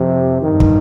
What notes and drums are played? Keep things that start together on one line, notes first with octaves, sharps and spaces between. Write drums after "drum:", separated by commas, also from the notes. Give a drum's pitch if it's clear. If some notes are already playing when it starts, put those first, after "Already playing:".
Already playing: F2 C3
G2 D#3
drum: kick